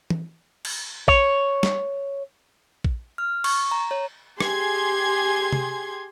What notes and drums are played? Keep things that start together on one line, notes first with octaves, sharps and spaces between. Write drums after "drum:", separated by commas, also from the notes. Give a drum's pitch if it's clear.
drum: tom E3
drum: cymbal
C#5, drum: kick A#1
drum: snare
drum: kick A#1
F6
C#6, drum: cymbal
A#5
C#5
G4 G#4 C6 G#6, drum: rim click
drum: tom C3